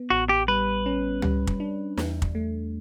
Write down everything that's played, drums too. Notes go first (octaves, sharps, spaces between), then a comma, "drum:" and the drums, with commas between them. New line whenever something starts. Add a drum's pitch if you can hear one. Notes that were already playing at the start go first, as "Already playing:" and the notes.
Already playing: B3
A1 F#4
G4
G3 B4
C#4
G3, drum: tom
drum: kick
D4
E2, drum: snare
drum: kick
A3